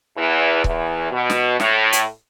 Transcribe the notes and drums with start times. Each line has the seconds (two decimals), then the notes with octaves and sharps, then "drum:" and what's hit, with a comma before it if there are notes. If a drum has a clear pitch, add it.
0.17 E2 E3
0.64 E2 E3, drum: kick C#1
1.12 B2
1.30 drum: snare
1.60 A2, drum: snare
1.93 drum: hi-hat